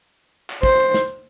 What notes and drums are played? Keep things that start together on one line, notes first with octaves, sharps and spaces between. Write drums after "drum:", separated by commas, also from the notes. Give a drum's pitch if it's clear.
drum: clap
C5, drum: kick
drum: snare